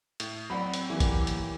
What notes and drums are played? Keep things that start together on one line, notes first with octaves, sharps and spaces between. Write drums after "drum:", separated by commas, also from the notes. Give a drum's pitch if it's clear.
A2, drum: hi-hat
F#3 C4 D5 F#5 B5
drum: hi-hat
E3 A#3 G4
drum: kick G#1, hi-hat
drum: hi-hat